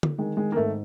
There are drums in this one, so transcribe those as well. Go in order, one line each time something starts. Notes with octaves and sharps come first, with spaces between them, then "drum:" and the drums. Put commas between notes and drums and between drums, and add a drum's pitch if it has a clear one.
drum: tom
D#3 G#3
D#3 G#3
A#3
G#2 A3